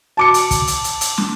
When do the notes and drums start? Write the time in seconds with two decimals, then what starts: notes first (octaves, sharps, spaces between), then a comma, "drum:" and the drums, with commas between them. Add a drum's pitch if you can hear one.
0.17 A5 D6 C#7
0.34 drum: hi-hat
0.51 drum: kick, hi-hat
0.67 drum: hi-hat
0.84 drum: hi-hat
1.01 drum: hi-hat
1.18 drum: snare